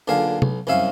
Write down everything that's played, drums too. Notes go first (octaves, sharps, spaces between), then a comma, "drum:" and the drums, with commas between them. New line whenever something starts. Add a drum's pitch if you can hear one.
B1 A#2 D3 D4 G#4 F5
B1, drum: tom
C2 F#2 C#4 E5 F5